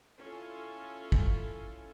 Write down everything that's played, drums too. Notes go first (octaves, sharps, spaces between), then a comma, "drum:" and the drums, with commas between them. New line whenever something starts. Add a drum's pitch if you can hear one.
C#4 E4 F4 A4
drum: kick